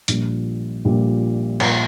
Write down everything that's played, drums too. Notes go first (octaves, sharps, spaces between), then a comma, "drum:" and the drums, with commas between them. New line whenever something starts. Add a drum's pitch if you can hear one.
A#1 A#2 G3, drum: hi-hat
A#1 A#2 G3
A#2 G3, drum: cymbal